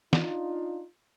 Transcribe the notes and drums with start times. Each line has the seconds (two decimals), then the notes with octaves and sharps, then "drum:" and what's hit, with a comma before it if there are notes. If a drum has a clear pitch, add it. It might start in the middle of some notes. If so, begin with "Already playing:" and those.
0.13 D4 D#4 F4, drum: snare